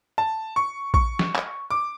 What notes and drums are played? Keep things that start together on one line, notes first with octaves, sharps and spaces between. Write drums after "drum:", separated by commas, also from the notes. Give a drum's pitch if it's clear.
A5
C#6
C#6, drum: kick A#1
drum: snare
drum: clap
D6